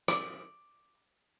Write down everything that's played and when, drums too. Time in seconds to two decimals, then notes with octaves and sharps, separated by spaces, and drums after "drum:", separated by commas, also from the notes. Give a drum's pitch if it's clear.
0.08 D5, drum: rim click